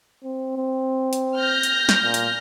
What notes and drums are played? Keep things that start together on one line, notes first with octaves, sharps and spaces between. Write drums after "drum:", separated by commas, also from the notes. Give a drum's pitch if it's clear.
C4
C4
drum: hi-hat
F6 G6 A#6
drum: hi-hat
drum: snare
A#2
drum: hi-hat